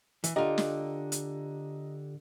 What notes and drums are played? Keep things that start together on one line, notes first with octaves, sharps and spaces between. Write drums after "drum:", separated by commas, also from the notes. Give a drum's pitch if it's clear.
E3, drum: hi-hat
D3 F4 G4 D#5 A#5
drum: snare
drum: hi-hat